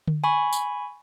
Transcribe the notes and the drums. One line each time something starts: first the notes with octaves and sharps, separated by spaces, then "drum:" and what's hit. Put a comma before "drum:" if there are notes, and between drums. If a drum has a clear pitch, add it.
drum: tom D3
G#5 B5 C#6
drum: tambourine